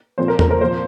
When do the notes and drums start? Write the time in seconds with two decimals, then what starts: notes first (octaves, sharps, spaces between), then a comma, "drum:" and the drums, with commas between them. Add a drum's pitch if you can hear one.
0.18 A#2 F3 C4 C5
0.28 A#4
0.39 A#4, drum: tom E2
0.51 A#4
0.61 A#2 F3 A#3 C5